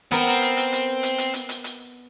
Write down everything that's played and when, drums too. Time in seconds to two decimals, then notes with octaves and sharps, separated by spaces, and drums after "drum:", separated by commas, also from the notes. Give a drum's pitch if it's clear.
0.11 B3 C4 A#4, drum: hi-hat
0.27 drum: hi-hat
0.42 drum: hi-hat
0.57 drum: hi-hat
0.72 drum: hi-hat
1.03 drum: hi-hat
1.18 drum: hi-hat
1.34 drum: hi-hat
1.49 drum: hi-hat
1.64 drum: hi-hat